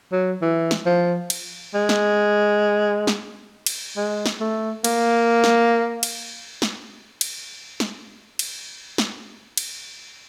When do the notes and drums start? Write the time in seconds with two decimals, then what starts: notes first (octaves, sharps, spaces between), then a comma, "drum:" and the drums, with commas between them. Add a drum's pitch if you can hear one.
0.12 F#3
0.42 E3
0.71 drum: snare
0.86 F3
1.30 drum: cymbal
1.74 G#3
1.89 drum: snare
3.07 drum: snare
3.66 drum: cymbal
3.97 G#3
4.26 drum: snare
4.40 A3
4.84 A#3, drum: cymbal
5.44 drum: snare
6.03 drum: cymbal
6.62 drum: snare
7.21 drum: cymbal
7.80 drum: snare
8.39 drum: cymbal
8.98 drum: snare
9.57 drum: cymbal